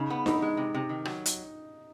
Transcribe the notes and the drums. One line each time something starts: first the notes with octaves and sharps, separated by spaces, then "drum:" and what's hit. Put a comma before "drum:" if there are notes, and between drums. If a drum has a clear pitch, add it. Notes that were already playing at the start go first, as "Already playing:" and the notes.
Already playing: C#3 D#4
B3
E3 D#4, drum: snare D4
G#3
C3
C3
D#3
F#3, drum: rim click
drum: hi-hat